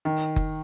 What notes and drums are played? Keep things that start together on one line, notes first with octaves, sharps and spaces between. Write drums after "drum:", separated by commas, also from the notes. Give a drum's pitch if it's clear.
D#3
drum: kick F#1